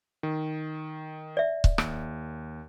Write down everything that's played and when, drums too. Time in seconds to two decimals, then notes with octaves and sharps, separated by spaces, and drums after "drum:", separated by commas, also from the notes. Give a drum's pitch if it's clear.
0.23 D#3
1.37 D5 E5
1.64 drum: kick C#1
1.78 D#2, drum: rim click